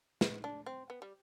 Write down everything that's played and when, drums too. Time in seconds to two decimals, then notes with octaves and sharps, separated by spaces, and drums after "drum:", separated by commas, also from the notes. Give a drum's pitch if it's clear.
0.21 B3, drum: snare
0.44 D4
0.66 C4
0.90 B3
1.02 G3